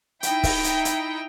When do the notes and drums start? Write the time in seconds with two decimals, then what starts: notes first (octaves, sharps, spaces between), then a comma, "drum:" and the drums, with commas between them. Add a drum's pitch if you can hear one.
0.23 D#4 E4 G5, drum: hi-hat
0.43 drum: kick, open hi-hat
0.64 drum: hi-hat
0.85 drum: hi-hat